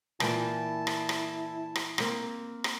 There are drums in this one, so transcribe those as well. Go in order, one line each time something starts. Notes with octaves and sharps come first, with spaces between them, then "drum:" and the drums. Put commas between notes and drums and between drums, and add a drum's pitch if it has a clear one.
A#2 E3 E4 G5 A5, drum: rim click
drum: rim click
drum: rim click
drum: rim click
A#3 C4, drum: rim click
drum: rim click